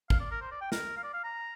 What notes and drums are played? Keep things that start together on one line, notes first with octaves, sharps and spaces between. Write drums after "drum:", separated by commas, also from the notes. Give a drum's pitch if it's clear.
F5, drum: kick
D5
A#4
C5
D5
G5
A#4, drum: snare
F5
D5
F5
A#5